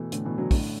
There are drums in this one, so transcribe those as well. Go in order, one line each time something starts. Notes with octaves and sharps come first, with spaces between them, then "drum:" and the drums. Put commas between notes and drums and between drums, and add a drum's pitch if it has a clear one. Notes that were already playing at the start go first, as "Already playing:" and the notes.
Already playing: B2 E3 A3
A2 D3, drum: hi-hat
B2 E3
D3 F#3
A2 D3, drum: kick, open hi-hat